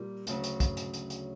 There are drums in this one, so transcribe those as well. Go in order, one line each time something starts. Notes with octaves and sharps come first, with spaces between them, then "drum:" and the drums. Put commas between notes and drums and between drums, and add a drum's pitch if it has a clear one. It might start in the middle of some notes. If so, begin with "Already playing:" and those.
Already playing: A#2 G3
D2 C#3 F#3, drum: hi-hat
drum: hi-hat
drum: kick, hi-hat
drum: hi-hat
drum: hi-hat
drum: hi-hat